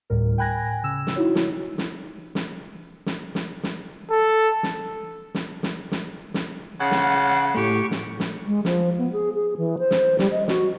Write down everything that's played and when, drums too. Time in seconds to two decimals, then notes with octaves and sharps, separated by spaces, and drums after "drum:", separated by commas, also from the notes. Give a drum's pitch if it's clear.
0.10 D2 A2 G3 A#4
0.38 G5 G#5 B5 F#6 G#6 A#6
0.83 C#3 E6 E7
1.07 drum: snare
1.16 D#4 E4 F#4 C#5
1.35 drum: snare
1.78 drum: snare
2.35 drum: snare
3.06 drum: snare
3.35 drum: snare
3.63 drum: snare
4.10 A4
4.63 drum: snare
5.35 drum: snare
5.63 drum: snare
5.92 drum: snare
6.34 drum: snare
6.80 C#3 F#5
6.91 drum: snare
7.54 A2 A3 G4 C#6
7.91 drum: snare
8.20 drum: snare
8.46 G#3
8.65 F3, drum: snare
8.98 B3
9.13 G#4
9.35 G#4
9.57 E3
9.79 C5
9.91 drum: snare
10.19 G3, drum: snare
10.32 D#5
10.48 F#4, drum: snare